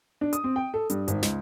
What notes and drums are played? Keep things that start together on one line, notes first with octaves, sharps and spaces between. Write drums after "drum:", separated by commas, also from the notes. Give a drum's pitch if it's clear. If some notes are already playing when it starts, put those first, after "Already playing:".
D4
D#6, drum: hi-hat
C4
G5
A4
G2, drum: hi-hat
G#1, drum: hi-hat
C#2, drum: snare